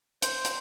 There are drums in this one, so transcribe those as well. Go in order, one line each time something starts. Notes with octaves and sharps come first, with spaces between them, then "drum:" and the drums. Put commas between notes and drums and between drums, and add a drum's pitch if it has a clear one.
C5, drum: hi-hat
drum: hi-hat